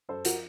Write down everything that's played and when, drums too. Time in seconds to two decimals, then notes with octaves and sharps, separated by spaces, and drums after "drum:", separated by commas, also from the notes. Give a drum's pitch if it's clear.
0.09 F#2 A4 C5
0.25 F3 F#4 A#4, drum: hi-hat